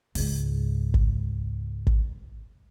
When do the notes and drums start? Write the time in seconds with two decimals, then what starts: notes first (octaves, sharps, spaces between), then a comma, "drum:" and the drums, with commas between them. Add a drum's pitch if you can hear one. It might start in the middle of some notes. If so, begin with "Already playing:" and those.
0.15 C#2 G#2, drum: open hi-hat
0.94 drum: kick
1.87 drum: kick